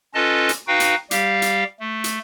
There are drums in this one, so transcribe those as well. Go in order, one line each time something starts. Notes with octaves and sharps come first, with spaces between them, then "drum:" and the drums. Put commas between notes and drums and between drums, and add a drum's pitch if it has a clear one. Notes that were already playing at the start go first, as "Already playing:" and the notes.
C#4 F4 A4 B4 D#5 A5
drum: hi-hat
D#4 F#4 B4 F5 G5
drum: hi-hat
G3 G4 F5, drum: hi-hat
drum: hi-hat
A3
drum: hi-hat